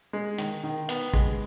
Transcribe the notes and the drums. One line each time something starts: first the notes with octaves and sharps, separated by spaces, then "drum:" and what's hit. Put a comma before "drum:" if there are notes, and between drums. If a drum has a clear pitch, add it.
G#3
D#3, drum: hi-hat
D#3
B3, drum: hi-hat
G#3, drum: kick A1